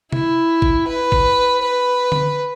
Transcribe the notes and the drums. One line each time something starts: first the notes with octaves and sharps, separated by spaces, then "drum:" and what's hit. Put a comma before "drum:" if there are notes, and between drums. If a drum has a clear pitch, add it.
E4, drum: tom C3
drum: kick
B4
drum: kick
B4
drum: tom D3